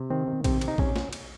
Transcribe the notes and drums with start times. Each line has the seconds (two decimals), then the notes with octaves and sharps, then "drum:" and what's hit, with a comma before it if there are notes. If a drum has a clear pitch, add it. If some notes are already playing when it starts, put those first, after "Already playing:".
Already playing: C3
0.10 D#3 C4
0.27 D#3
0.44 C3 C4, drum: kick A#1, cymbal
0.61 C3, drum: cymbal
0.68 D#4
0.78 C3 C#4, drum: kick A#1
0.96 drum: snare
1.13 drum: cymbal